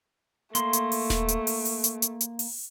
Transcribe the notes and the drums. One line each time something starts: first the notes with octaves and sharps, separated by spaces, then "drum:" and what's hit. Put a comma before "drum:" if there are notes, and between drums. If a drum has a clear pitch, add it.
A3 A#3 C6, drum: hi-hat
drum: hi-hat
drum: open hi-hat
drum: snare D#1
drum: hi-hat
drum: open hi-hat
drum: open hi-hat
drum: hi-hat
drum: hi-hat
drum: hi-hat
drum: open hi-hat